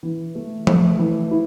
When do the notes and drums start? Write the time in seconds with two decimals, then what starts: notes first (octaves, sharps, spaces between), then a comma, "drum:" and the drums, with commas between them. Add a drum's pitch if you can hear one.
0.03 E3
0.35 A3
0.67 A3, drum: tom F3
0.99 E3
1.31 E4